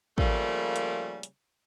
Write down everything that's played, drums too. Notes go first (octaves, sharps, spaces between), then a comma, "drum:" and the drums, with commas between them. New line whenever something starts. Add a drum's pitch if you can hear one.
C#3 F3 G3 A3 A#3, drum: kick
drum: hi-hat
drum: hi-hat